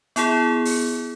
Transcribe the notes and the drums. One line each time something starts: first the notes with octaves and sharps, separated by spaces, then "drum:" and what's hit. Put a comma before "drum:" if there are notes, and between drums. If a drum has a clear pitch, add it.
B3 E4 G#4, drum: hi-hat
drum: open hi-hat